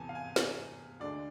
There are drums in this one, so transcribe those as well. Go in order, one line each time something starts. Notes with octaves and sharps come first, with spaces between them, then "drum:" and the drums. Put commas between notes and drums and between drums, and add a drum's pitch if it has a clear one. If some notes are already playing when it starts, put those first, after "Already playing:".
Already playing: E2 C3 E3 G#5 A5
F5
G#5
drum: snare
D2 D3 G#3 D4 D5